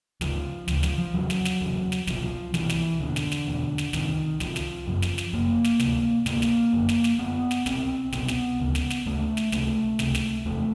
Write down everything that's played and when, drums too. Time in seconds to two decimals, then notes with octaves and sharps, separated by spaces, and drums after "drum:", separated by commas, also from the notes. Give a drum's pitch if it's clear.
0.21 D2 C#3 F3, drum: snare
0.68 D2 C#3, drum: snare
0.83 F3, drum: snare
0.99 F3
1.14 E2 C#3 F#3
1.30 drum: snare
1.45 drum: snare
1.61 E2 C#3
1.92 drum: snare
2.07 C2 B2 F3, drum: snare
2.54 C2 B2 E3, drum: snare
2.69 drum: snare
3.00 E2 B2 D3
3.16 drum: snare
3.32 drum: snare
3.47 E2 B2
3.78 drum: snare
3.93 C2 C3 D#3, drum: snare
4.40 C2 C3 F3, drum: snare
4.56 drum: snare
4.87 F#2 C#3
5.02 drum: snare
5.18 drum: snare
5.33 F#2 C#3 A#3
5.64 drum: snare
5.80 D2 C3, drum: snare
6.26 D2 C3 A#3, drum: snare
6.42 drum: snare
6.73 F#2 D3
6.89 drum: snare
7.04 drum: snare
7.19 F#2 D3 B3
7.51 drum: snare
7.66 C2 B2 C4, drum: snare
8.12 C2 B2 B3, drum: snare
8.28 drum: snare
8.60 D2 C#3
8.75 drum: snare
8.90 drum: snare
9.06 D2 C#3 A3
9.37 drum: snare
9.52 C#2 C3 A3, drum: snare
9.99 C#2 C3, drum: snare
10.15 drum: snare
10.45 E2 C3 A3